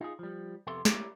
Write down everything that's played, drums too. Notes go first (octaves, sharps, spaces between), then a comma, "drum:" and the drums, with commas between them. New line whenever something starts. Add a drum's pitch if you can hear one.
D#4 F4 G#4
F3 G3
F2 C3 B3 A4 E5 C6
E4 G4 A#4 C#5 D5, drum: snare